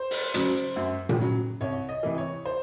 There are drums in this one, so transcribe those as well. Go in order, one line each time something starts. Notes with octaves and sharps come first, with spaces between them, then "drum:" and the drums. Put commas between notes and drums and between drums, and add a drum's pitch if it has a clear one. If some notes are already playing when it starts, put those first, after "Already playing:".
Already playing: C5
drum: open hi-hat
C#3 F#3, drum: hi-hat
F#2
drum: tom A#2
C#3 F#3
C2 C#5
D#5
C3 E3
C#5
C5